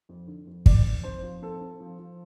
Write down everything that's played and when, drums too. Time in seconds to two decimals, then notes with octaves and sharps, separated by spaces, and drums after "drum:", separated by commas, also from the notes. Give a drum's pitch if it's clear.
0.09 F2
0.27 D3
0.47 F2
0.66 F2 D5, drum: kick
0.86 F2
1.04 C4 C5
1.23 F3
1.42 C4 A4
1.61 C4
1.80 F3
1.99 F3